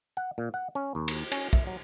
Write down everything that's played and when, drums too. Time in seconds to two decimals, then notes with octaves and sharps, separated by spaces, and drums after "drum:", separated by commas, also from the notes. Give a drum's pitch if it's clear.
0.17 F#5
0.38 A#2
0.54 F#5
0.75 C#4
0.95 D#2
1.08 drum: cymbal
1.32 C#4, drum: cymbal
1.53 E5, drum: kick
1.67 F#3